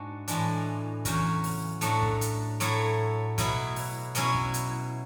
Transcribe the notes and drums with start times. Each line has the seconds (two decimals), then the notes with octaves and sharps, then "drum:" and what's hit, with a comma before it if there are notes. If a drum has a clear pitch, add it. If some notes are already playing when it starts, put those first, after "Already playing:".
Already playing: G#2 G#3 D4 F#4
0.28 A2 E3 G#3 D4, drum: hi-hat
1.05 E2 C#3 F#3 C#4 F#4, drum: kick, hi-hat
1.44 drum: open hi-hat
1.81 A2 F#3 A3 D4 F#4, drum: hi-hat
2.02 drum: kick
2.21 drum: hi-hat
2.60 A2 F#3 A3 E4, drum: hi-hat
3.38 B2 F#3 B3 E4, drum: kick, hi-hat
3.76 drum: open hi-hat
4.15 B2 F#3 C#4 E4, drum: hi-hat
4.34 drum: kick
4.54 drum: hi-hat